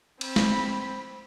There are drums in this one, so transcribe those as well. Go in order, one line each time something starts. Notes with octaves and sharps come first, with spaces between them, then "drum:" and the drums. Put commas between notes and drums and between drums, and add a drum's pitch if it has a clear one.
C4 B5, drum: cymbal
drum: snare